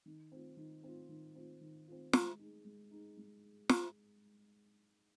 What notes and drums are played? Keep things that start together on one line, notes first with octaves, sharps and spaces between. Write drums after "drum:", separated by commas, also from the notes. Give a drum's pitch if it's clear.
D#3
C4 F4
D#3
C4 F4
D#3
C4 F4
D#3
C4 F4
G#3, drum: snare
D#4 G#4
G#3
D#4 G#4
G#3
drum: snare